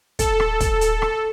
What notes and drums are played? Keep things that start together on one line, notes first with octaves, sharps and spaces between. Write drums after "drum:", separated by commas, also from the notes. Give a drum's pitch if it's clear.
A4, drum: kick, hi-hat
drum: rim click
drum: kick, hi-hat
drum: hi-hat
drum: rim click